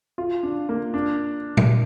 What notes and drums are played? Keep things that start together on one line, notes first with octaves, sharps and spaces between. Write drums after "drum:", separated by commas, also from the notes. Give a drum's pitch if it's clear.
F4
D4
A#3
D4
drum: tom